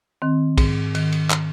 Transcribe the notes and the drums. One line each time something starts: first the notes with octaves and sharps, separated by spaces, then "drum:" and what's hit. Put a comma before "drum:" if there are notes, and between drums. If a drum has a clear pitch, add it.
D#3 C4
G#2, drum: kick, cymbal
D#3, drum: cymbal
drum: cymbal
drum: clap